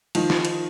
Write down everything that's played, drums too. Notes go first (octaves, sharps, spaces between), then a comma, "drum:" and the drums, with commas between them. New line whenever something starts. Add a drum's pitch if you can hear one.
D#3 F3, drum: cymbal
drum: snare
drum: cymbal